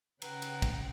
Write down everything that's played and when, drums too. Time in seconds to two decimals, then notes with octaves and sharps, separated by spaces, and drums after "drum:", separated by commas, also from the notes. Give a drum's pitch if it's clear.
0.22 C#3 B4 F#5 G5 A#5, drum: cymbal
0.42 drum: cymbal
0.62 drum: kick, cymbal